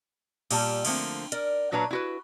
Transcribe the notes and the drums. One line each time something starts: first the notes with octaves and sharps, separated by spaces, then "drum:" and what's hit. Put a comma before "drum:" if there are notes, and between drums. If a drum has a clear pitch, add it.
A#2 G3 A5, drum: cymbal
D3 F3 A3 A#3 C4, drum: cymbal
A#4 D5, drum: hi-hat
A#2 F#3 D4 B4 C#5 A#5
E4 F#4 B4